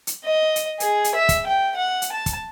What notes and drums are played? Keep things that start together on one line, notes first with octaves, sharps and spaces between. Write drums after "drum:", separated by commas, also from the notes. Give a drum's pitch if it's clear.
drum: hi-hat
D#5
drum: hi-hat
G#4, drum: hi-hat
drum: hi-hat
E5
drum: kick, hi-hat
G5
F#5
drum: hi-hat
A5
drum: kick, hi-hat